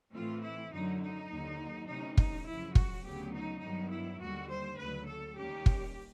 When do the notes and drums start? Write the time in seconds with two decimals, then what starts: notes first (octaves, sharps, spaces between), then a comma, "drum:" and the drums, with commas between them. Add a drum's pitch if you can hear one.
0.14 A2 E3 A3 C4 F4
0.43 E4
0.71 F#2 D3 F#3 D#4
1.01 D#4
1.30 D#2 D3 F#3
1.87 C3 E3 A3 C#4 D#4
2.17 D#4, drum: kick
2.46 F#2 C#3 F3 E4
2.75 F#4, drum: kick
3.04 D2 C#3 F#3 B3 G4
3.34 D#4
3.62 G2 D#3 F#3 B3 D#4
3.91 E4
4.20 D#2 D3 G3 F#4
4.49 C5
4.78 D2 C#3 F#3 B4
5.08 A4
5.36 D#2 D#3 G3 A#3 C#4 G4
5.66 drum: kick